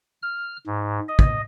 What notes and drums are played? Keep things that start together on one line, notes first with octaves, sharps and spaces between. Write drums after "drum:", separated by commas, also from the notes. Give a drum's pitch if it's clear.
F6
G#2
D#5
drum: kick